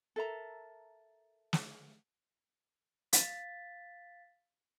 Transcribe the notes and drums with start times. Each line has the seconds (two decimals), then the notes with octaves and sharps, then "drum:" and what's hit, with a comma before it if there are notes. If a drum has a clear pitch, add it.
0.16 A4 A#4 E5 A#5
1.53 drum: snare
3.13 F5 A6 B6, drum: hi-hat